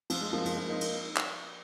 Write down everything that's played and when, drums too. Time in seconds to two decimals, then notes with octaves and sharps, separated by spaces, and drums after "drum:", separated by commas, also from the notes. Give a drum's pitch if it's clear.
0.10 F3, drum: cymbal
0.21 G#3
0.33 F3 A#3
0.45 F3 A#3, drum: cymbal
0.57 F3 A#3
0.69 A#3 D#4
0.81 drum: cymbal
1.17 drum: clap